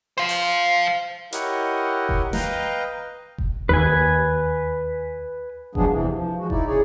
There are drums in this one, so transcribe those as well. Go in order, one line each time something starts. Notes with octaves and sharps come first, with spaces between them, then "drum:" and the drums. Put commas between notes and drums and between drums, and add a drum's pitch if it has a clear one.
C5 F5
drum: open hi-hat
E4 G4 A#4 C#5 D#5 F#5, drum: hi-hat
drum: kick F1
B4 D#5 F5 G5 A#5, drum: snare
drum: kick F1
D#2 B4 G#5
F3 F#3 G#3 B3 D4 G#4, drum: kick F1
E2 C3 E3
F3
F3 G#3 F#4
D#4 E4 D5, drum: kick F1
C#3 G#4 C#5 D5